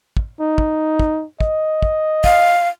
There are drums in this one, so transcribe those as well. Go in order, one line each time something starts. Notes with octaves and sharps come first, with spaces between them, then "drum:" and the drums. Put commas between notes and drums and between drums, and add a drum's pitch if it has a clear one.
drum: kick
D#4
drum: kick
drum: kick
D#5, drum: kick
drum: kick
F5, drum: kick